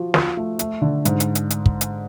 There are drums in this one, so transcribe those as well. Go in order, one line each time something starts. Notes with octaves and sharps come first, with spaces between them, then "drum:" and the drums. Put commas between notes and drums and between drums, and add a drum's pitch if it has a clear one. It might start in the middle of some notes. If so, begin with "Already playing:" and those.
Already playing: F3 F#4
F4, drum: snare
A3
A3, drum: hi-hat
D3
G#2, drum: hi-hat
drum: hi-hat
drum: hi-hat
drum: hi-hat
drum: kick
drum: hi-hat